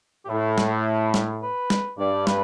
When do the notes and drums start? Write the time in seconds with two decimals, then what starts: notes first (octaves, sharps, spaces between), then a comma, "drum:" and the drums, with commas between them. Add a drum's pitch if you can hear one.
0.25 G4
0.29 A2 E4
0.58 drum: snare
1.14 drum: snare
1.42 B4
1.70 drum: snare
1.98 G2 D5
2.27 B4, drum: snare